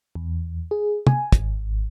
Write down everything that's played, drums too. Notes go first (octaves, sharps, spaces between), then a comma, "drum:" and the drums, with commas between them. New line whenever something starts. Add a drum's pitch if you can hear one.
E2
G#4
G#5, drum: tom
G#1, drum: kick, hi-hat